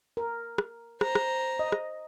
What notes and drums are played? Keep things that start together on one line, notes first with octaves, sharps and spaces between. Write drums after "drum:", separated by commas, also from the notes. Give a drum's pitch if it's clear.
A#4
drum: rim click
C5 A#5, drum: rim click
drum: rim click
D#5
drum: rim click